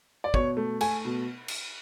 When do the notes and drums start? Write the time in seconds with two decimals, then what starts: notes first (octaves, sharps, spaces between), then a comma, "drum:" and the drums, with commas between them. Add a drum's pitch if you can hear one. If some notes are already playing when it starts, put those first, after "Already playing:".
0.24 D5
0.34 B2 C#5, drum: kick
0.57 A3
0.81 A3 G#5, drum: cymbal
1.05 B2
1.48 drum: cymbal